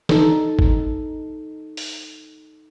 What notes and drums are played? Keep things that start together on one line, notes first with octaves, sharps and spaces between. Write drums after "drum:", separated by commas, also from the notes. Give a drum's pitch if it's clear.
D#4 A4, drum: snare
drum: kick G#1
drum: open hi-hat